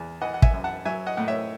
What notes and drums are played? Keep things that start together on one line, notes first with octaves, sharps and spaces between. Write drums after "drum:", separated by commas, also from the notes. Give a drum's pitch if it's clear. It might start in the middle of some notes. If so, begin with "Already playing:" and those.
Already playing: E2
E3 D#5 F#5
F#5
E5 G#5, drum: kick
F#2
F#5 A5
F#3 E5 G#5
D#5 F#5
A2 F#5
C#5 E5